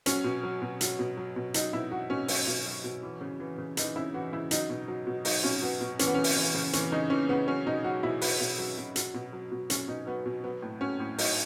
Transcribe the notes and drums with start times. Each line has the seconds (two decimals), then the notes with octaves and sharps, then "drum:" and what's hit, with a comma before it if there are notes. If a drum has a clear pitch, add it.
0.06 F#3 C#4, drum: hi-hat
0.24 B2
0.43 F#3
0.62 B2
0.81 F#3, drum: hi-hat
0.99 B2
1.17 F#3
1.36 B2
1.54 F#3 D#4, drum: hi-hat
1.73 B2 E4
1.91 F#3 F#4
2.10 B2 C#4
2.28 F#3 C#4, drum: open hi-hat
2.47 B2
2.66 F#3
2.84 B2
3.02 E3
3.21 C#3
3.40 E3
3.58 C#3
3.77 E3 D#4, drum: hi-hat
3.95 C#3 E4
4.14 E3 F#4
4.32 C#3 E4
4.51 F#3 D#4, drum: hi-hat
4.70 B2
4.88 F#3
5.07 B2
5.25 F#3 D#4, drum: open hi-hat
5.44 B2 C#4
5.62 F#3 B3
5.81 B2
5.99 E3 C#4, drum: hi-hat
6.07 B3
6.14 C#3 C#4
6.24 drum: open hi-hat
6.36 E3
6.55 C#3
6.73 E3 C#4, drum: hi-hat
6.92 C#3 D#4
7.10 E3 C#4
7.29 C#3 B3
7.47 F#3 C#4
7.66 B2 D#4
7.84 F#3 F#4
8.03 B2 E4
8.21 F#3 B4, drum: open hi-hat
8.40 B2
8.59 F#3
8.77 B2
8.96 F#3, drum: hi-hat
9.14 B2
9.33 F#3
9.51 B2
9.70 F#3 C#4, drum: hi-hat
9.88 B2 D#4
10.07 F#3 B3
10.26 B2
10.44 F#3 B3
10.62 A2
10.81 F#3 C#4
11.00 A2
11.18 F#3 D#4, drum: open hi-hat